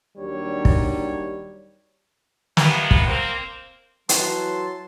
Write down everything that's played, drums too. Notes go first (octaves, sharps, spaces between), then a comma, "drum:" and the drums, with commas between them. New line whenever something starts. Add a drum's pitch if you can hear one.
D#2 D#3 F#3 G3 D4 C#5
drum: kick
C3 D#3 F3 A#3 B3, drum: snare
drum: kick
A#3 C4
E3 F#3 A5 C6, drum: hi-hat